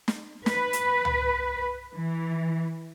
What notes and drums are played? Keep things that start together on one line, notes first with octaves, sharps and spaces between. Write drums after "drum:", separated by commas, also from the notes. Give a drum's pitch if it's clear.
drum: snare
B4, drum: snare
drum: hi-hat
drum: tom C#2
E3